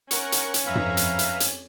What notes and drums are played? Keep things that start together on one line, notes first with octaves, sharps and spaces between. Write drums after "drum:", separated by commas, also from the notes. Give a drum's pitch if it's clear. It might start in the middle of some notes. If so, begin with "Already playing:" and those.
C#4 A#4 F#5 C#6, drum: hi-hat
drum: hi-hat
drum: hi-hat
F2 B4 E5 F5 A#5
drum: tom G2
drum: hi-hat
drum: hi-hat
drum: hi-hat